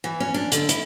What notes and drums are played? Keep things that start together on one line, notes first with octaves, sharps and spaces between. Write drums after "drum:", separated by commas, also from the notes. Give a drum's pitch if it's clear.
E3
C#4
D4
D3, drum: hi-hat
E4, drum: hi-hat